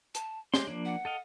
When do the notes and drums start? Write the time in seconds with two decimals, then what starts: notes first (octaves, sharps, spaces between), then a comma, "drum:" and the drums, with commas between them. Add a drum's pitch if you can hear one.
0.15 A5, drum: hi-hat
0.54 G#3 G4 C#5 C6, drum: snare
0.67 F3 A#3 D4
0.85 F#5
1.05 A4 D#5 F5